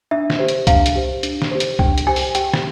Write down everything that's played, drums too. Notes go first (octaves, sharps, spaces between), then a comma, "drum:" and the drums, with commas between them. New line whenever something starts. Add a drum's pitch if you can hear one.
D4 E5
drum: snare
G4 C5
drum: hi-hat
D4 F5, drum: kick C2, hi-hat
drum: hi-hat
G4 C5
D4, drum: hi-hat
drum: snare
G4 C5
drum: hi-hat
D4 G5, drum: kick C2
drum: hi-hat
G4 C5 G#5
drum: open hi-hat
G4 G5, drum: hi-hat
drum: snare